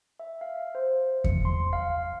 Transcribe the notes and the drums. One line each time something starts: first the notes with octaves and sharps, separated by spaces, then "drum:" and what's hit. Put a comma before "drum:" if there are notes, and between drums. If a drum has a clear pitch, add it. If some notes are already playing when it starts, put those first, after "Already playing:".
E5
F5
C5
C#7, drum: kick E2
C6
F5